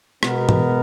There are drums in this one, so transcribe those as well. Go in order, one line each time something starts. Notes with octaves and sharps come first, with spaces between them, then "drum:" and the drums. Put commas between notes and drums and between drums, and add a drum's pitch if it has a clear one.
B2 G#3 B3 F#4 A#4, drum: rim click
drum: tom